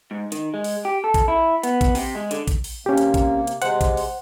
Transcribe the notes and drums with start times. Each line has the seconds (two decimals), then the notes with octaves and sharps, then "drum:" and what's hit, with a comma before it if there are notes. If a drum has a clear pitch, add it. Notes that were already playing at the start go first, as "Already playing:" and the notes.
0.11 G#2
0.32 D#3, drum: hi-hat
0.54 G#3
0.64 drum: open hi-hat
0.85 G4
1.04 A4
1.14 drum: kick, hi-hat
1.28 E4
1.63 B3, drum: hi-hat
1.81 drum: kick, hi-hat
1.95 C3, drum: open hi-hat
2.15 G#3
2.31 D3, drum: hi-hat
2.48 drum: kick, hi-hat
2.64 drum: open hi-hat
2.86 C3 A#3 C#4 G4
2.97 drum: hi-hat
3.14 drum: kick, hi-hat
3.47 drum: hi-hat
3.62 C3 G#3 C5 F#5, drum: hi-hat
3.81 drum: kick, hi-hat
3.97 drum: open hi-hat